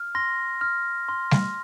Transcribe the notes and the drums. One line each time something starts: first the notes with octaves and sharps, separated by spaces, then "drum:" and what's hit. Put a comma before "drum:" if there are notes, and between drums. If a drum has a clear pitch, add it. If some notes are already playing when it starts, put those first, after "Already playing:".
Already playing: F6
C6 A#6
F6
C6
drum: snare G3